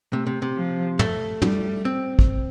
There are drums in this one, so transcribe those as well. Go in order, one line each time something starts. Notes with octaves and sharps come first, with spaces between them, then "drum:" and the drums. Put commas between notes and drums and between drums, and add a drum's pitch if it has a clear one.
C3 A3
C3
C3
F3
A3, drum: tom
G3, drum: tom
C4
drum: kick